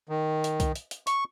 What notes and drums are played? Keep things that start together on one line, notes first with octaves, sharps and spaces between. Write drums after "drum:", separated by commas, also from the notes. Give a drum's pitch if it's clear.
D#3
drum: hi-hat
drum: kick C2, hi-hat
drum: hi-hat
drum: hi-hat
C#6, drum: hi-hat